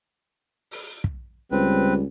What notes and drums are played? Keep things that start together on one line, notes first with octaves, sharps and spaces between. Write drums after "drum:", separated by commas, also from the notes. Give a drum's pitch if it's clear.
drum: open hi-hat
drum: kick
C#2 G3 C4 B4